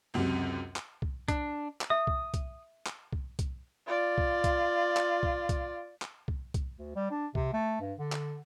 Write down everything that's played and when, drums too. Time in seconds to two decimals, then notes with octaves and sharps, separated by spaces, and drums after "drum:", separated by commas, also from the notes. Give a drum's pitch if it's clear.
0.14 C#2 F#2 C3
0.76 drum: clap
1.02 drum: kick
1.28 D4, drum: kick, hi-hat
1.81 drum: clap
1.90 E5 D#6
2.07 drum: kick
2.34 drum: kick, hi-hat
2.86 drum: clap
3.13 drum: kick
3.39 drum: kick, hi-hat
3.87 F4 D5
4.18 drum: kick
4.44 drum: kick, hi-hat
4.97 drum: clap
5.23 drum: kick
5.49 drum: kick, hi-hat
6.02 drum: clap
6.28 drum: kick
6.54 drum: kick, hi-hat
6.77 D2
6.96 G3
7.11 D4
7.35 C3, drum: kick
7.53 A3
7.81 G2
7.99 D3
8.12 drum: clap